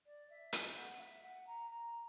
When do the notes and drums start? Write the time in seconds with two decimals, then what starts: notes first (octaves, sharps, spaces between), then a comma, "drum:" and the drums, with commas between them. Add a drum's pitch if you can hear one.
0.05 D5
0.29 E5
0.53 E5, drum: hi-hat
0.76 F#5
0.99 E5
1.22 F#5
1.46 A#5
1.70 A#5